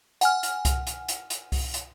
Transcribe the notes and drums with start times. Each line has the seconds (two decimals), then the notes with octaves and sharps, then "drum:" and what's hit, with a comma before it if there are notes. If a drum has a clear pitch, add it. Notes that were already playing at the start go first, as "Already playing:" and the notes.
0.21 F#5 G#5 F6, drum: hi-hat
0.43 drum: hi-hat
0.65 drum: kick C2, hi-hat
0.87 drum: hi-hat
1.08 drum: hi-hat
1.30 drum: hi-hat
1.52 drum: kick C2, open hi-hat
1.74 drum: hi-hat